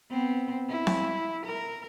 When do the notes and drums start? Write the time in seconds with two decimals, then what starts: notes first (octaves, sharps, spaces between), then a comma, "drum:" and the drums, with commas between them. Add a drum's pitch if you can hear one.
0.11 B3 C4
0.69 E4
0.87 drum: snare C4
1.46 A#4